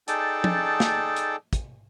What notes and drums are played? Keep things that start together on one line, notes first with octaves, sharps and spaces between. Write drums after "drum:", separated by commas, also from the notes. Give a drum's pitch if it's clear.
D#4 G#4 A4 D5 G5 A5, drum: hi-hat
drum: tom F3
drum: snare
drum: hi-hat
drum: kick, hi-hat